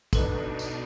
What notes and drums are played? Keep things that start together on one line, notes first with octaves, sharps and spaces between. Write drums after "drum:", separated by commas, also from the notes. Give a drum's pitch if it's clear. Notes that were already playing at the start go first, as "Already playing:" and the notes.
B2 D4 D#4 A4 B4, drum: kick, tambourine
drum: tambourine